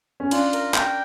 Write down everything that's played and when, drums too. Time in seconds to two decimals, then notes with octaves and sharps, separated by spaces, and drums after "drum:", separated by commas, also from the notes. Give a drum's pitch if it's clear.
0.20 C#4
0.31 D4 F4, drum: cymbal
0.53 A#4, drum: cymbal
0.74 G5, drum: clap